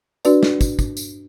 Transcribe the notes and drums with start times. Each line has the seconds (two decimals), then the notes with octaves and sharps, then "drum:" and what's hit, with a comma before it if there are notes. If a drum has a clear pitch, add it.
0.25 D4 F#4 B4 D5, drum: tambourine
0.43 drum: snare
0.61 drum: kick, tambourine
0.79 drum: kick, tambourine
0.97 drum: tambourine